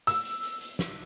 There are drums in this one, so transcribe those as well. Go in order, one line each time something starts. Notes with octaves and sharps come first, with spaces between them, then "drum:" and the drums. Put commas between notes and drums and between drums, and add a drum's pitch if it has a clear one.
E6, drum: hi-hat
drum: hi-hat
drum: hi-hat
drum: hi-hat
drum: snare